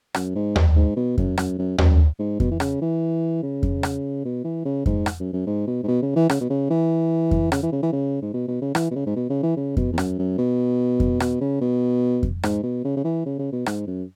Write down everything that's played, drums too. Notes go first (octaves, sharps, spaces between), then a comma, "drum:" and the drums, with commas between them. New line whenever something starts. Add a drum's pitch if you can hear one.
F#2, drum: rim click
G#2
drum: tom D#2
G#2
B2
F#2, drum: kick F2
F#2, drum: rim click
F#2
F#2, drum: tom D#2
G#2
B2, drum: kick F2
E3
C#3, drum: rim click
E3
C#3
drum: kick F2
drum: rim click
B2
E3
C#3
G#2, drum: kick F2
drum: rim click
F#2
F#2
G#2
B2
G#2
B2
C#3
E3
C#3, drum: rim click
B2
C#3
E3
drum: kick F2
C#3, drum: rim click
E3
C#3
E3
C#3
G#2
B2
B2
C#3
E3, drum: rim click
B2
C#3
G#2
B2
C#3
E3
C#3
B2, drum: kick F2
E2
F#2, drum: rim click
F#2
B2
drum: kick F2
B2, drum: rim click
C#3
B2
drum: kick F2
G#2, drum: rim click
B2
C#3
C#3
E3
C#3
C#3
B2
G#2, drum: rim click
F#2